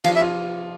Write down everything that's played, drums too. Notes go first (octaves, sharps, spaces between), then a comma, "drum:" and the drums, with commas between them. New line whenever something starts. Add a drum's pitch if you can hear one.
F3 F5, drum: cymbal
E5
F4